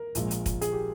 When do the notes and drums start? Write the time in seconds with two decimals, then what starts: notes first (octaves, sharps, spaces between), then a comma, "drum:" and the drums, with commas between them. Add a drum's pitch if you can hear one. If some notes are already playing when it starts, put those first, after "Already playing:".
Already playing: A#4
0.15 A#1 A#2 G#3, drum: hi-hat
0.31 drum: hi-hat
0.46 drum: kick, hi-hat
0.61 G#4, drum: hi-hat
0.73 G4